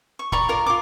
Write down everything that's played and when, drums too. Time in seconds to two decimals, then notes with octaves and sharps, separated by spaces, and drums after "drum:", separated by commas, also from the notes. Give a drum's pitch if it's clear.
0.19 C#6
0.32 D5 A#5 B5 C#6, drum: kick F1
0.49 F4 A#4 D5
0.66 F4 D6